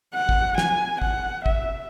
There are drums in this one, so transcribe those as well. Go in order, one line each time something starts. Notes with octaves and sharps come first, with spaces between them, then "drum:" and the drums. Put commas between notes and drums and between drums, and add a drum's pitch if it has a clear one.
F#5
drum: kick
G#5, drum: snare
F#5, drum: kick
E5, drum: kick